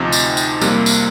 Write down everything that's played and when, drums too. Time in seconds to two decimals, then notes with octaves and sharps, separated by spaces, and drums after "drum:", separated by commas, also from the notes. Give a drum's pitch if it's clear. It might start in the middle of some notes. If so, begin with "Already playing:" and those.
Already playing: D2 C3 F3 C4 D#4
0.12 drum: tambourine
0.37 drum: tambourine
0.61 F2 C3 G3 A#3, drum: tambourine
0.86 drum: tambourine